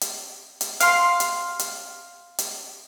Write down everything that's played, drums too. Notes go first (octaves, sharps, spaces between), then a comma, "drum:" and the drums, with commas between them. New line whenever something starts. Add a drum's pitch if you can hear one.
drum: hi-hat
drum: hi-hat
F5 C6, drum: hi-hat
drum: hi-hat
drum: hi-hat
drum: hi-hat